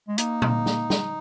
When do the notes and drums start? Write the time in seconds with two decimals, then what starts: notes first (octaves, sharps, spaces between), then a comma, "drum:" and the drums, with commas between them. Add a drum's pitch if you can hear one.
0.08 G#3
0.18 A#3 D#4, drum: hi-hat
0.42 drum: tom A#2
0.66 drum: snare
0.90 drum: snare